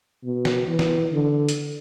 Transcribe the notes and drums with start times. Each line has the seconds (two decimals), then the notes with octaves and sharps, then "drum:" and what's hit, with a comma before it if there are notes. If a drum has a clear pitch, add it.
0.24 B2
0.45 drum: snare
0.67 E3
0.79 drum: snare
1.12 D3
1.49 drum: hi-hat